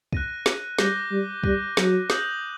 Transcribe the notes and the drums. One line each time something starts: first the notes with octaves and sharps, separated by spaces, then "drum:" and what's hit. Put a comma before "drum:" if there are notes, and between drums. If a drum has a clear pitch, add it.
F#6 A#6 D#7, drum: kick
drum: snare
G3 D6 G6 A#6 D#7 G7, drum: snare
G3
G3 F#6 A#6 D#7, drum: kick
F#3, drum: snare
D#6 G6 A#6 F#7, drum: snare